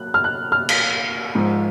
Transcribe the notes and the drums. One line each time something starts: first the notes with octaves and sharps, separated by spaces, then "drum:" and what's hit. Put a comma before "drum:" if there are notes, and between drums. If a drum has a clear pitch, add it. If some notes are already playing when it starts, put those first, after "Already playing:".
Already playing: F#3 A#3 F#6
F6
F#6
F6
drum: cymbal
G#2 F3 G#3